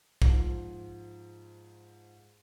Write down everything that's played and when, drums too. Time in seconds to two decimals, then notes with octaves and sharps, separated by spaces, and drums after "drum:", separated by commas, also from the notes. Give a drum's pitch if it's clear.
0.22 G#2 F3, drum: kick